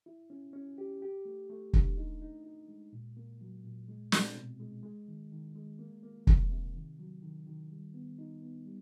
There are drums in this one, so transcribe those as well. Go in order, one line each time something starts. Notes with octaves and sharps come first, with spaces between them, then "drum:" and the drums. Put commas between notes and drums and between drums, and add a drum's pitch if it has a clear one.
E4
C#4
C#4
G4
G4
A3
A3
D4, drum: kick
D#4
D#4
D#4
G#3
A#2
A#3
F#3
A#2
G#3
C4, drum: snare
B2
G#3
G#3
D#3
D#3
G#3
A#3
A#3
C3, drum: kick
C3
D#3
F#3
D#3
D#3
G3
B3
D#4
B3
G3